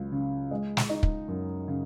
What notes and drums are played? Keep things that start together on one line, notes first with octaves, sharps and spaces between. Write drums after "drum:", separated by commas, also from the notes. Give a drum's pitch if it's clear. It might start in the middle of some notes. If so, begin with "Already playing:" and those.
Already playing: C#2 F#3
C#3
G#3
drum: snare
D#4
drum: kick
F#2
C#3